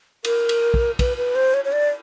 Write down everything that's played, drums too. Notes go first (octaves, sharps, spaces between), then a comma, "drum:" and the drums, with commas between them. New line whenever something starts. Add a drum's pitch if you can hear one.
A#4, drum: cymbal
drum: cymbal
drum: kick
B4, drum: kick, cymbal
B4
C5
C#5
C#5
D5